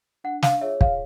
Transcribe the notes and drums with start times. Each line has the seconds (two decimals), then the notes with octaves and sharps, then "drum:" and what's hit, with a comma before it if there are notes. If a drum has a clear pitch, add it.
0.24 D4 F#5
0.42 F5, drum: snare
0.61 F4 G#4 C#5 E5
0.81 F5, drum: kick